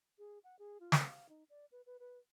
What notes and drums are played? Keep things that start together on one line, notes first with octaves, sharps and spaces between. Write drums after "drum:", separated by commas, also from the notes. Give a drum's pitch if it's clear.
G#4
F#5
G#4
F4
drum: snare
F5
D#4
D5
B4
B4
B4